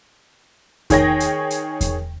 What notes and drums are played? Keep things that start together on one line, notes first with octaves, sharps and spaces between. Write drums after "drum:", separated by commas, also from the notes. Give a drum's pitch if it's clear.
D#3 G#4 C#5 G5 A#6, drum: kick E2, hi-hat
drum: hi-hat
drum: hi-hat
drum: kick E2, hi-hat